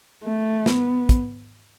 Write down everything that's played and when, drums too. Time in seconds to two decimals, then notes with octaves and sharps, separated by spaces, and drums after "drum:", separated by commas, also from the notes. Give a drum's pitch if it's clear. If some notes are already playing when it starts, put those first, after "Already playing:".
0.24 A3
0.66 B3, drum: snare
1.09 drum: kick, hi-hat